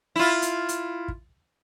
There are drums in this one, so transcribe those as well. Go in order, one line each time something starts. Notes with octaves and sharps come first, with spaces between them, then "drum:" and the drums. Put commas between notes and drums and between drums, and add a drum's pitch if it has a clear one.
E4 F4
drum: hi-hat
drum: hi-hat
drum: kick